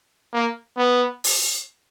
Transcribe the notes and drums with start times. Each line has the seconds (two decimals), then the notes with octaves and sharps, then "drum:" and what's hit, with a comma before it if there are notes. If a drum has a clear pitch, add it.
0.33 A#3
0.78 B3
1.24 drum: open hi-hat